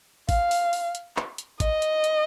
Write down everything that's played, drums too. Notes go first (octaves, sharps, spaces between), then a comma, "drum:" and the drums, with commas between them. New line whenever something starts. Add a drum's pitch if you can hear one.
F5, drum: kick, open hi-hat
drum: open hi-hat
drum: open hi-hat
drum: hi-hat
drum: clap
drum: hi-hat
D#5, drum: kick, hi-hat
drum: hi-hat
drum: hi-hat